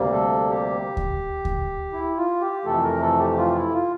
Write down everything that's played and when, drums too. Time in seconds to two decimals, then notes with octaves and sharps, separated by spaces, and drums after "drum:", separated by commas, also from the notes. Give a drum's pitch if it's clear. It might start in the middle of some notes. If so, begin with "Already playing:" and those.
Already playing: D2 C3 G3 A#3
0.12 A4
0.49 G4
0.97 drum: kick D2
1.45 drum: kick D2
1.93 E4
2.17 F4
2.41 G4
2.65 F2 C3 E3 A3 A4
2.83 A#4
3.01 A4
3.19 G4
3.37 F4
3.55 E4
3.73 F4